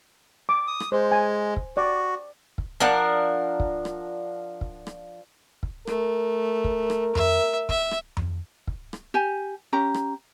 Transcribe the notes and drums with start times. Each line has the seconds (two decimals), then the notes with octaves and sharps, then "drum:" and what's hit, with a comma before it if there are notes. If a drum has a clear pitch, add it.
0.49 D6
0.67 D#6
0.80 drum: rim click
0.92 G#3 C5
1.12 G#5
1.56 drum: kick
1.77 F#4 D5
2.58 drum: kick
2.80 F3 D4 A#4 F#5
3.60 drum: kick
3.85 drum: rim click
4.61 drum: kick
4.87 drum: rim click
5.63 drum: kick
5.87 A3 A#4, drum: rim click
6.64 drum: kick
6.90 drum: rim click
7.15 E5, drum: tom F2
7.69 E5, drum: kick
7.91 drum: rim click
8.17 drum: tom F2
8.67 drum: kick
8.93 drum: rim click
9.14 G4 G#5
9.73 C#4 G4 A#5
9.94 drum: rim click